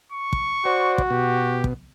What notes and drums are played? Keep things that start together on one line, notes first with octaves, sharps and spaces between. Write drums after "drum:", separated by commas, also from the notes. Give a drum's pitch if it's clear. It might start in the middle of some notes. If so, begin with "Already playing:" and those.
C#6
drum: kick
F#4 C5 D5
drum: kick
B2 G4
drum: kick